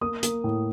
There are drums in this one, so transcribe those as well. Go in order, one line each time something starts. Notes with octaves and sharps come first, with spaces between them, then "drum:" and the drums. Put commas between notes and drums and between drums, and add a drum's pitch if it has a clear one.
A#3 D#6
A#3, drum: hi-hat
A2